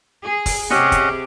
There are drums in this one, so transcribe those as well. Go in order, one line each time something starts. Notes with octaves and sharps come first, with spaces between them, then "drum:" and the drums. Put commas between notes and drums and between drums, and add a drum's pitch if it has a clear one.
G#4
drum: kick, open hi-hat
C3 C#4 G4 G#4 D#5 F#5, drum: snare
drum: kick, hi-hat